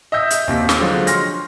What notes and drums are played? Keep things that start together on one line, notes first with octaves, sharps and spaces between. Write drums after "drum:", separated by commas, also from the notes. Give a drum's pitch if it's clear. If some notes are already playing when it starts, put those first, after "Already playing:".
D#5 E5 E6 G6 B6
drum: hi-hat
D#2 C3 B6
drum: snare
D3 F3 F#3 G#3
C6 C#6 F6 A#6, drum: hi-hat